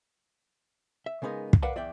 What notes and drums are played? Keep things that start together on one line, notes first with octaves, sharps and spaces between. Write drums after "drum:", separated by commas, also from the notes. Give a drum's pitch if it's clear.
E5
C#3 G#3 B3 D#4 A#4
drum: kick
A#4 B4 D5 F5 F#5 A5
E2 D5 E5 G5